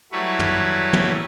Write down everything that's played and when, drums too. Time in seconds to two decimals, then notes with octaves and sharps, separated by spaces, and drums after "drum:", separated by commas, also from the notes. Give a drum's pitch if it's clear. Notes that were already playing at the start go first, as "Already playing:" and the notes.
0.12 F#3 G3 A3 E4 B4 C#5
0.39 drum: tom
0.93 drum: tom